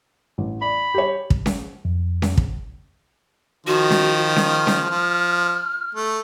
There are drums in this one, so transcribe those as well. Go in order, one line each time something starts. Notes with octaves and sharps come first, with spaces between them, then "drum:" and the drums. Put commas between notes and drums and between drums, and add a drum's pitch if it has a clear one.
A1
D5 B5
G4 C#5
drum: kick
drum: snare C#4
F2
drum: snare C#4
drum: kick
D#3 F3 F#4
drum: snare C#4
drum: snare C#4
F6
drum: snare C#4
F3
A3